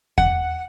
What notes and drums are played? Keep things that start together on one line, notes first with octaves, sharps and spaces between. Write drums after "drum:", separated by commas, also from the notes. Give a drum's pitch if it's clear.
F#5, drum: kick E2